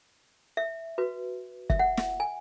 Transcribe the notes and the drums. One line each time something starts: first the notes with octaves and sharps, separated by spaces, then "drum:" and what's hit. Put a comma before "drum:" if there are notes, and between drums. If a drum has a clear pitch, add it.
E5
F#4 B4
E5, drum: kick
F#5
drum: snare
G#5